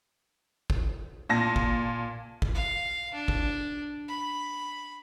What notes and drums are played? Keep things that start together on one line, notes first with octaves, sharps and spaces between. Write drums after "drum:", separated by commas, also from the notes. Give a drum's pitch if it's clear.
drum: kick
A#2 A5 A#6
drum: kick
drum: kick
F5
D4
drum: kick
B5